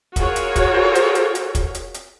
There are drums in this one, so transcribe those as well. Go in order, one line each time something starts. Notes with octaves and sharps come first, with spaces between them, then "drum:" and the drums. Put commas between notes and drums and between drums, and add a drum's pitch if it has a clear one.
F4 F#4 G#4 A#4 C#5, drum: kick, hi-hat
drum: hi-hat
drum: kick, hi-hat
drum: hi-hat
drum: hi-hat
drum: hi-hat
drum: kick, hi-hat
drum: hi-hat
drum: hi-hat